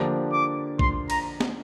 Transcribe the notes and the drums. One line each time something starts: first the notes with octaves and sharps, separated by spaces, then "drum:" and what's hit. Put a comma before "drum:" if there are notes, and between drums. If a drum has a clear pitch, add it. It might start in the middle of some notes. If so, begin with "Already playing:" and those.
Already playing: D3 F3 A#3 D4 G4
D6
C6, drum: kick A#1
A#5, drum: cymbal
drum: snare